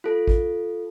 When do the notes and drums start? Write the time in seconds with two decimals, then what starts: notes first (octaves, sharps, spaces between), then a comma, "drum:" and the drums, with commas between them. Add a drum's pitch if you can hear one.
0.04 F4 A4
0.28 drum: kick